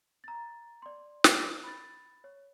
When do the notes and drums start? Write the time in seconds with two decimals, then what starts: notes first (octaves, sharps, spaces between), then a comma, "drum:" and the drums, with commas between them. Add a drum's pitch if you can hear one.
0.24 A#5 A6
0.82 D5 C6
1.24 drum: snare
1.64 B5 A6
2.24 C#5